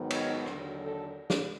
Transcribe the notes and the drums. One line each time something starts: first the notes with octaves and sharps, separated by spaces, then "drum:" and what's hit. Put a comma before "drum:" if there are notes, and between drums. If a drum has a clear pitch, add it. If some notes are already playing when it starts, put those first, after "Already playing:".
Already playing: G#2 D#3 F#3 B3 D#4
C#5, drum: cymbal
D#2 D3 F#3, drum: rim click
A4
drum: snare